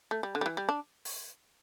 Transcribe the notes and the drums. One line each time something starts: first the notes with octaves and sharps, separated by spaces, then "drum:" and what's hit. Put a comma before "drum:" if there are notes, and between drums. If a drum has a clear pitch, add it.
A3
G3
D3
G3
E3
G3
D4
drum: open hi-hat